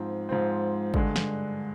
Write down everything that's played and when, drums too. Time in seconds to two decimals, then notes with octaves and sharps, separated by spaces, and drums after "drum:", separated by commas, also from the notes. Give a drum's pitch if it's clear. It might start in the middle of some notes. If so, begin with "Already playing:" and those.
Already playing: G#2 F3 C4
0.29 G#2 F3 C4
0.94 G2 D3 G#3, drum: kick
1.16 drum: snare